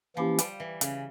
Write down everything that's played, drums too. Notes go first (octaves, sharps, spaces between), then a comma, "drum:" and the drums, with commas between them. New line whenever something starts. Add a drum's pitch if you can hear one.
E3 F3 A#3 C#4 E4 G4
G3, drum: hi-hat
E3
C#3, drum: hi-hat